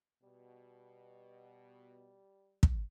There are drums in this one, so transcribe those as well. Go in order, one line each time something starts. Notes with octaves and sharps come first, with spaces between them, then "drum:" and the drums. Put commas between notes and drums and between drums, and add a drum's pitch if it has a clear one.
B2 G3
drum: kick